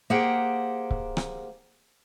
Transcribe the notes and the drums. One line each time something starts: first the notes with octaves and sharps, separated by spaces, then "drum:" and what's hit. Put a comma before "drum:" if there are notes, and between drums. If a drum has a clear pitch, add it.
A#3 G4 G#4 C5 F#5 G5
drum: kick C#1
drum: rim click